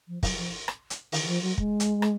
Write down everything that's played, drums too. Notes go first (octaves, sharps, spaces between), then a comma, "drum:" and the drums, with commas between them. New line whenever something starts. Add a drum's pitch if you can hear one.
F3
F#3, drum: kick, open hi-hat
F3
drum: rim click
drum: hi-hat
D#3, drum: open hi-hat
D#3
F3
F#3
G#3, drum: kick
drum: hi-hat
drum: rim click